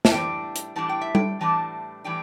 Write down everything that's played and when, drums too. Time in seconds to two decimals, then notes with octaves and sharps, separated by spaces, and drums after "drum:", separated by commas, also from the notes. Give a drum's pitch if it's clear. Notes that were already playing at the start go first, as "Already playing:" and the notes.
0.05 A5, drum: snare
0.12 A2 E3 G3 D4 G5
0.56 drum: hi-hat
0.76 A2 E3 G3 D4 A5
0.89 G5
1.01 E5
1.15 G5, drum: tom G3
1.41 A2 E3 G3 D4 A5
2.04 A2 E3 G3 D4 G5